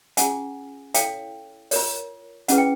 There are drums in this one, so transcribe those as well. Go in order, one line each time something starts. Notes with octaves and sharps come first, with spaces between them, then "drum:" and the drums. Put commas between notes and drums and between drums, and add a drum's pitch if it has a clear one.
C#4 F4 G#4 F#5 G#5, drum: hi-hat
E4 A4 C#5 F5 G5, drum: hi-hat
F4 A#4 C#5, drum: open hi-hat
C#4 E4 G#4 B4 F#5, drum: hi-hat
G5